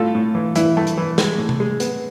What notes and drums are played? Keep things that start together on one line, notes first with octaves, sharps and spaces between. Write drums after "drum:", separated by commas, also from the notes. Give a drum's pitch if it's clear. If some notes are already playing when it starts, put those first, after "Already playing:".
Already playing: A2 F4 A4
A2
E3
E3 E4, drum: hi-hat
A3
drum: hi-hat
E3
G#3, drum: snare
A2
drum: tom
G#3
B3, drum: hi-hat